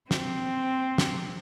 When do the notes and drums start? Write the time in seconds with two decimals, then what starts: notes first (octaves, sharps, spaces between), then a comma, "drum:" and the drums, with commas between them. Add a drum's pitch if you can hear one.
0.11 C4, drum: snare
0.98 drum: snare